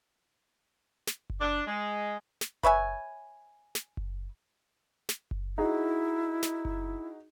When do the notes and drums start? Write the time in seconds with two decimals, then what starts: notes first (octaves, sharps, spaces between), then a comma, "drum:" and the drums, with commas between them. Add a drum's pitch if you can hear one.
1.07 drum: snare
1.30 drum: kick F#1
1.41 D4
1.67 G#3
2.41 drum: snare
2.63 B4 C#5 E5 G#5, drum: kick F#1
3.75 drum: snare
3.97 drum: kick F#1
5.09 drum: snare
5.31 drum: kick F#1
5.58 D#4 E4 F#4 G#4
6.43 drum: snare
6.65 drum: kick F#1